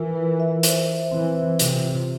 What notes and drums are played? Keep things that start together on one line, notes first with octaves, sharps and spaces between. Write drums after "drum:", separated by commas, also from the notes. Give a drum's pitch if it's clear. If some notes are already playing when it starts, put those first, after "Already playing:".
Already playing: E3 F4 A#4
A#4
E5
C5, drum: hi-hat
E5
E3 C4
E5
C3 F4, drum: hi-hat
F4